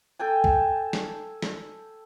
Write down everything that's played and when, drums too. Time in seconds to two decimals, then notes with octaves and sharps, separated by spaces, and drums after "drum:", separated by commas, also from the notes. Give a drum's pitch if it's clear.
0.19 A4 G5 G#5
0.44 drum: kick
0.93 drum: snare
1.42 drum: snare